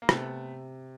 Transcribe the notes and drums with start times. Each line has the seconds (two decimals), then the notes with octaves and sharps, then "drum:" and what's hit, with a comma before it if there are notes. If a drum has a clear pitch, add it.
0.02 A#3
0.09 C3 A3 B3, drum: rim click